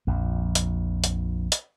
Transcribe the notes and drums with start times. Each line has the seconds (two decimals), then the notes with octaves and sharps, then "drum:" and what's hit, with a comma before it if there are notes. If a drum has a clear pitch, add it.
0.07 A#1 F2
0.55 drum: hi-hat
1.04 drum: hi-hat
1.52 drum: hi-hat